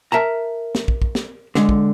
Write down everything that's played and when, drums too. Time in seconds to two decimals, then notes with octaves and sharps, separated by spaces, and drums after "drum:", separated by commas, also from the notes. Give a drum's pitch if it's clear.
0.12 A#4 E5 A5 A#5
0.75 drum: snare
0.88 drum: kick
1.02 drum: kick
1.15 drum: snare
1.55 D3 G#3, drum: snare
1.69 drum: kick